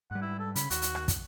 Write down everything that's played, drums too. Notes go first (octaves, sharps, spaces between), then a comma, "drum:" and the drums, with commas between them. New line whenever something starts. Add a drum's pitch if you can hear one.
G#2 G3 F#5
E4
A4
C#3 B5, drum: hi-hat
D#2 F#4, drum: hi-hat
drum: hi-hat
drum: rim click
drum: kick, hi-hat